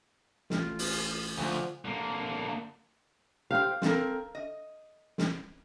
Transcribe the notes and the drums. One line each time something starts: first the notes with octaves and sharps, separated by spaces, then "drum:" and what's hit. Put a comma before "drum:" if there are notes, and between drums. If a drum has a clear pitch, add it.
A1 F4, drum: snare
drum: open hi-hat
D2 F3 G#5
D3 A#3
G4 C5 F5
C4 A4 A#4, drum: snare
D#5
drum: snare